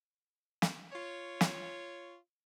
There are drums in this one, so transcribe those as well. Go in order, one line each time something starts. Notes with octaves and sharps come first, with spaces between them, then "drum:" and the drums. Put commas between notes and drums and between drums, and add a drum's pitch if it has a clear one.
drum: snare
F4 C#5
drum: snare